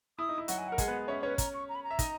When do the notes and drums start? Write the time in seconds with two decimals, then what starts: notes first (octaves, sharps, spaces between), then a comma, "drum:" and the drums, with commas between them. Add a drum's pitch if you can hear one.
0.19 E4 D#6
0.29 D#4
0.38 E4
0.48 F#3 F#4 F#5, drum: hi-hat
0.58 G#5
0.68 A#4 F#5
0.78 G#3 G#4, drum: kick, hi-hat
0.88 B3 B4
1.08 C#4 C#5 E5
1.23 C#4 B4 C#5
1.38 A#5, drum: kick, hi-hat
1.54 C#6
1.69 A#5
1.75 B5
1.84 A#5
1.91 E5
1.99 D#4 D#5, drum: kick, hi-hat